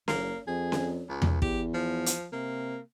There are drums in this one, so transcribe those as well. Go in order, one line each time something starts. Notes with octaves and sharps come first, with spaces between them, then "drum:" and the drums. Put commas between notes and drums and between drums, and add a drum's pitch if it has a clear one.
F#1 A#3, drum: snare C#4
F2 G#4
drum: snare C#4
C#2
drum: tom E2
E2 G4, drum: kick
F3
drum: hi-hat
C3 A#3